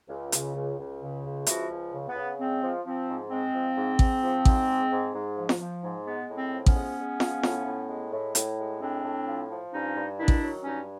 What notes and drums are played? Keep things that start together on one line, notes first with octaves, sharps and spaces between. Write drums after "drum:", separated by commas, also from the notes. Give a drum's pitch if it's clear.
C#2
C#3, drum: hi-hat
C#2
C#2
C#3
C#2
F3 E4 F#4, drum: hi-hat
C#2
C#3
B3
C#3
G#3 C4
F3
F3 C4
G#2
G#3 C4
F3
G#2
G#2, drum: kick A1
F3
G#2, drum: kick A1
G#3
G#2
G#2
F3
drum: snare F4
F3
G#2
G#3 B3
A2
C4
F3
B3 C#4, drum: kick A1
G#3
G#3
F3, drum: snare F4
A2, drum: snare F4
A2
G#3
A2
A2, drum: hi-hat
G#3
A2 C4 D4
A2
F3
F3
G2 C#4 D#4
G2
D#3 D4 E4
drum: kick A1
F#3
G2 C#4 D#4